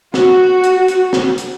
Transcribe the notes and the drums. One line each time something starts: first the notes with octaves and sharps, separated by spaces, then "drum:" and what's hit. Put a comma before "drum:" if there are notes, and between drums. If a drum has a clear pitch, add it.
F#4, drum: snare
drum: hi-hat
drum: hi-hat
drum: snare
drum: hi-hat